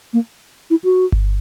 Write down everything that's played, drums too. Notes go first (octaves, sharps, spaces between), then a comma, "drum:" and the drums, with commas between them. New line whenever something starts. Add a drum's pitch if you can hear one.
A#3
E4
F#4
drum: kick G1